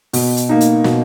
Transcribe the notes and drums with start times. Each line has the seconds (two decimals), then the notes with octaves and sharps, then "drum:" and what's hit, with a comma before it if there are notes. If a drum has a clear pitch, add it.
0.13 B2, drum: open hi-hat
0.37 drum: hi-hat
0.49 A#3 D#4
0.61 drum: hi-hat
0.84 B2, drum: snare